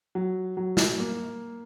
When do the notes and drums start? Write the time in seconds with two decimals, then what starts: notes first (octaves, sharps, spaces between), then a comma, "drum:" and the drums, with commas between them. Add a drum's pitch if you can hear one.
0.15 F#3
0.57 F#3
0.77 drum: snare
1.00 A#3